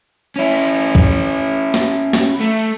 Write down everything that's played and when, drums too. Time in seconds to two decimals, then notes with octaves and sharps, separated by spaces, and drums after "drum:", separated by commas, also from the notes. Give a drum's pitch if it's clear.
0.36 C#4 E4
0.95 drum: kick
1.74 drum: snare
2.13 drum: snare
2.40 A3